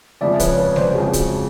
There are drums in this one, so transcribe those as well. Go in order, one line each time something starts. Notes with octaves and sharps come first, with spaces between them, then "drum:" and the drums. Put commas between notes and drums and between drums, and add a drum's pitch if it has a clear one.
F2 C#3 F3 G#3 D5 E5
B4 C#5, drum: kick, hi-hat
B4 C#5
C5 D5, drum: snare G3
F2 C#3 F3 G#3 F#4 G#4
drum: kick, hi-hat